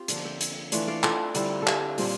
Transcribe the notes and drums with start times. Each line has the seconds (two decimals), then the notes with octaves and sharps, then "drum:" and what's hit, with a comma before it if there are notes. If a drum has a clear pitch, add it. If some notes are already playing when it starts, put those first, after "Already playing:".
Already playing: C4 F4 G4
0.08 D3 F3 A#3 D5 F5, drum: hi-hat
0.25 E5 G5
0.41 drum: hi-hat
0.72 E3 A3 D4 F4, drum: hi-hat
0.88 D5 F5
1.03 F4 A4, drum: clap
1.35 D3 G3 C4 E4, drum: hi-hat
1.62 A4
1.67 G4, drum: clap
1.98 A#2 G3 C4, drum: open hi-hat